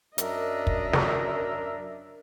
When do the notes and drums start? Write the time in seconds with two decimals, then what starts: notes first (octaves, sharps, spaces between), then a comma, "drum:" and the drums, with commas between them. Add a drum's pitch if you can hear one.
0.18 F#2 D4 A#4 D#5 E5, drum: hi-hat
0.67 drum: kick
0.93 drum: snare